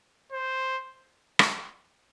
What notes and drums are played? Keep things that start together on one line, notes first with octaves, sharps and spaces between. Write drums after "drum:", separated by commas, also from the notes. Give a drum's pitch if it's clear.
C5
drum: rim click